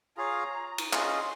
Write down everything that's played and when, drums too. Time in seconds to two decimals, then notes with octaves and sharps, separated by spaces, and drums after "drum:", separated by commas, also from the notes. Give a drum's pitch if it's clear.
0.17 F4 G#4 C#5 F5 A#5
0.78 drum: cymbal
0.93 C#4 F4 G#4 D#5 C6, drum: clap